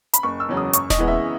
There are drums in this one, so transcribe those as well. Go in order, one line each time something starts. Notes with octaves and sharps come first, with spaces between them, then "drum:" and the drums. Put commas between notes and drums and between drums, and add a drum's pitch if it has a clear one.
B5, drum: hi-hat
F#1 C#6
E6
E2 C#3 F#3
D#6
F#2 C#6, drum: hi-hat
D#5, drum: snare D#1
E3 G#3 B3
E5